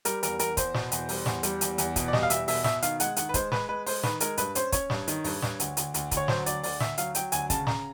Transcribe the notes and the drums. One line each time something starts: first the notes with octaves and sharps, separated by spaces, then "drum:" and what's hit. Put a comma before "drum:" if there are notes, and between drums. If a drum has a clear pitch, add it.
G3 A#4, drum: hi-hat
E2 A#4, drum: hi-hat
E2 A#4, drum: hi-hat
E2 C5, drum: kick, hi-hat
B2, drum: snare
E2, drum: hi-hat
G3, drum: open hi-hat
E2, drum: snare
G3, drum: hi-hat
E2, drum: hi-hat
E2, drum: hi-hat
B2, drum: kick, hi-hat
D5
G3 D#5, drum: snare
F5
E2 E5, drum: hi-hat
B2 E5, drum: open hi-hat
B2 E5, drum: snare
D#3 F5, drum: hi-hat
G#3 F#5, drum: hi-hat
D#3 F#5, drum: hi-hat
B4
G#3 C5, drum: kick, hi-hat
G#3 B4, drum: snare
G#3 B4
G#3 C5, drum: open hi-hat
D#3 B4, drum: snare
G#3 A#4, drum: hi-hat
G2 B4, drum: hi-hat
C#4 C5, drum: hi-hat
C#4 C#5, drum: kick, hi-hat
G2, drum: snare
D#3, drum: hi-hat
G2, drum: open hi-hat
G2, drum: snare
D2, drum: hi-hat
D2, drum: hi-hat
D2, drum: hi-hat
D2, drum: kick, hi-hat
C#5
F#3 C5, drum: snare
D2 D5, drum: hi-hat
D2 D5, drum: open hi-hat
D2 E5, drum: snare
F#3 F5, drum: hi-hat
F#3 G5, drum: hi-hat
D2 G#5, drum: hi-hat
C#3 A5, drum: kick, hi-hat
C#3 A#5, drum: snare